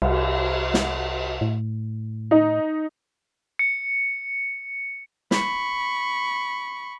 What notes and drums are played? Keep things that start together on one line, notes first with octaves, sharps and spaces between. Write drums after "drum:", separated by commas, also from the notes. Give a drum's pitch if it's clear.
C2, drum: cymbal
drum: snare
A2
D#4
C#7
B5 C#6, drum: snare